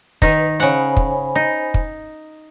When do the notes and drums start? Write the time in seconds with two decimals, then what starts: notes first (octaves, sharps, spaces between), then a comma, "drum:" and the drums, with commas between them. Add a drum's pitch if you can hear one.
0.22 D#3 D#4 B4, drum: kick
0.60 C#3 C5 F#5 G#5 B5
0.97 drum: kick
1.35 D#4
1.74 drum: kick